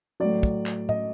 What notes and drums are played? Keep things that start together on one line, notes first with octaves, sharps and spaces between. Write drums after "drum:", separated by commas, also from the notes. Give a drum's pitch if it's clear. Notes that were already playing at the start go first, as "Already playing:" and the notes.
A2 F#3 D5
drum: kick
drum: clap
D#5, drum: tom